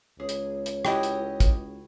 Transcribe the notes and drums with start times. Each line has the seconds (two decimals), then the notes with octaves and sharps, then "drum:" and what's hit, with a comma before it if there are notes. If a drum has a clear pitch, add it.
0.20 C#2 G#4 C#5
0.29 drum: hi-hat
0.66 drum: hi-hat
0.85 E4 F#4 G4 D#5 G5, drum: rim click
1.03 drum: hi-hat
1.40 drum: kick, hi-hat